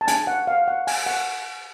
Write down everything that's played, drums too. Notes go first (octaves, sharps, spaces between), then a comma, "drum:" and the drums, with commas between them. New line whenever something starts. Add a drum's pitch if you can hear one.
A5
G#5, drum: hi-hat
F#5
F5
F#5
G#5, drum: open hi-hat
F#5